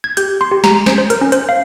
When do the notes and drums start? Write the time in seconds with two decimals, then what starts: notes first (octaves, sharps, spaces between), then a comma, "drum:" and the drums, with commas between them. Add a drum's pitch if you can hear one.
0.04 G#6
0.17 G4 G6, drum: hi-hat
0.41 C6
0.51 G4
0.64 A#5, drum: snare
0.86 C#4 C5, drum: snare
0.98 C5
1.10 A#4, drum: hi-hat
1.21 C#4
1.32 C5, drum: hi-hat
1.49 F5